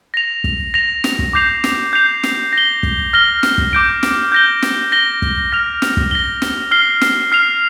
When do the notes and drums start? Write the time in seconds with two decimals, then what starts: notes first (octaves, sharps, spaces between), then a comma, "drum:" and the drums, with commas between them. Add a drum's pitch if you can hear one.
0.14 A#6 F7
0.44 drum: kick
0.74 A#6 F7
1.04 drum: snare
1.19 drum: kick
1.33 D6 G6 C7 F7
1.64 drum: snare
1.93 G6 C7 F7
2.23 drum: snare
2.53 A#6 G7
2.83 drum: kick
3.13 F6 A#6 G7
3.43 drum: snare
3.58 drum: kick
3.73 D6 G6 D7
4.03 drum: snare
4.32 G6 A#6 G7
4.62 drum: snare
4.92 A#6 G7
5.22 drum: kick
5.52 F6 A#6 F7
5.82 drum: snare
5.97 drum: kick
6.11 A#6 G7
6.42 drum: snare
6.71 F6 C7 G7
7.01 drum: snare
7.32 F6 C7 F7